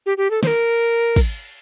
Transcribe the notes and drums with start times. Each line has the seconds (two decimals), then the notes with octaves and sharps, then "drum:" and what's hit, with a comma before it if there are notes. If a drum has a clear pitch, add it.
0.06 G4
0.18 G4
0.31 A4
0.43 C5, drum: snare
0.47 A#4
1.16 drum: kick, cymbal